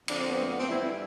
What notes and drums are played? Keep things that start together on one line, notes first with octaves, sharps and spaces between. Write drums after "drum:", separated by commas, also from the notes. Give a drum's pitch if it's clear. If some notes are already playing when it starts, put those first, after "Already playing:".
F2 D3 F3 D4, drum: cymbal
C4
B3
A3
B3
C4
G2 E3 G3 E4
E4